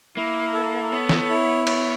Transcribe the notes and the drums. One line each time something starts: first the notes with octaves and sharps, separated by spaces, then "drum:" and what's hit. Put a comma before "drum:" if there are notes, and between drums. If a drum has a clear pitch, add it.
A#3 E4
A4
B3 C#5
drum: snare
E4
C#5, drum: cymbal